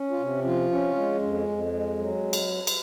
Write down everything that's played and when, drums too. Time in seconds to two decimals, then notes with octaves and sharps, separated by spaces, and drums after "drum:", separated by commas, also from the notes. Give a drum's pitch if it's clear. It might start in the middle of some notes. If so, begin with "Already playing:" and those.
Already playing: C#4
0.11 F4
0.20 C3
0.44 F3 F4
0.71 C#4
0.96 G#3
1.22 F2
1.48 F2
1.73 G#3
1.99 F#3
2.33 drum: cymbal
2.67 drum: cymbal